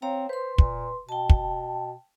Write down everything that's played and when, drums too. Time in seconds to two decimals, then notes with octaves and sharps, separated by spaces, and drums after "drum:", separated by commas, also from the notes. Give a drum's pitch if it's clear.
0.02 C4 C#5 F5 A#5
0.29 B4 C5 C6
0.58 A#2, drum: kick
1.09 B2 G5 A5
1.30 drum: kick